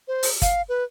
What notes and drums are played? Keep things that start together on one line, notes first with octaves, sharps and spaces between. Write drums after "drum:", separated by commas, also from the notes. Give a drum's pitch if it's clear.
C5
drum: open hi-hat
F5, drum: kick G1, hi-hat
B4